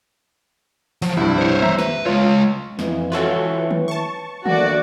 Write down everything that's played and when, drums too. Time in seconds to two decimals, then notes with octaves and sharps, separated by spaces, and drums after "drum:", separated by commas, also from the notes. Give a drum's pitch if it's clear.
1.02 F3 F#3, drum: open hi-hat
1.17 C2 G2 E4
1.38 C5 C#5
1.62 E5 A#5, drum: tom D#3
1.79 B4, drum: snare
2.06 G#3 F4 C#5
2.79 F2 E3, drum: snare
3.12 F4 F#4 A4 B4 C#5 G5
3.71 drum: tom D#3
3.88 A5 C#6
4.46 D2 A#3 F#4 D5, drum: tom D#3